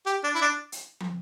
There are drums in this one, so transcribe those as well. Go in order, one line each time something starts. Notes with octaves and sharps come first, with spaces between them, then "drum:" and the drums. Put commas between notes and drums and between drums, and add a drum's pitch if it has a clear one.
G4
D4
E4
D4
drum: hi-hat
drum: tom